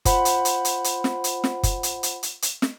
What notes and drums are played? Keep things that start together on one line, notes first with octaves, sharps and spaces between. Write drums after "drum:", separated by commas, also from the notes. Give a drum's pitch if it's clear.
F4 C5 F#5 B5, drum: kick F#1, hi-hat
drum: hi-hat
drum: hi-hat
drum: hi-hat
drum: hi-hat
drum: snare
drum: hi-hat
drum: snare
drum: kick F#1, hi-hat
drum: hi-hat
drum: hi-hat
drum: hi-hat
drum: hi-hat
drum: snare